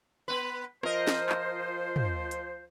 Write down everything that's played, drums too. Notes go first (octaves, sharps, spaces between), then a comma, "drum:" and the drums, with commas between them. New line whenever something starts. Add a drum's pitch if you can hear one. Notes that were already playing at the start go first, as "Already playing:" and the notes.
B3 B4
F3 A#4 C5 D#5, drum: rim click
drum: snare
drum: clap
drum: tom
drum: hi-hat